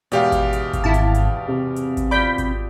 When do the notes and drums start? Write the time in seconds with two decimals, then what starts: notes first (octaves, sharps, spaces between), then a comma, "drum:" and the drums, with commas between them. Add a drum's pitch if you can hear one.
0.12 E2 G#2 B2 G4 F5, drum: hi-hat
0.32 drum: kick G#1, hi-hat
0.53 drum: hi-hat
0.73 drum: kick G#1, hi-hat
0.84 G#1 E4 A5
0.94 drum: hi-hat
1.15 drum: hi-hat
1.48 C3
1.76 drum: hi-hat
1.97 drum: kick G#1, hi-hat
2.11 F4 D5 B5 G6 B6
2.38 drum: kick G#1, hi-hat